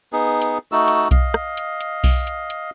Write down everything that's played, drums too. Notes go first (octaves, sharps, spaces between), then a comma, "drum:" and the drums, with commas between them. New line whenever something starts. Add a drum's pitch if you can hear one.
B3 D#4 G#4
drum: hi-hat
A3 D#4 F#4 E6
drum: hi-hat
D#5 F5, drum: kick B1, hi-hat
drum: rim click
drum: hi-hat
drum: hi-hat
drum: kick B1, open hi-hat
drum: hi-hat
drum: hi-hat